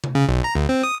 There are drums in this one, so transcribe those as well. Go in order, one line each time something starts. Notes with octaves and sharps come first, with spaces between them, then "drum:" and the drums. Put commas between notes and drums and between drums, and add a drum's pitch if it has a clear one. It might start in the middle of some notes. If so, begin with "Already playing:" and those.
drum: tom C3
C#3
B1
A#5
D2
C4
D#6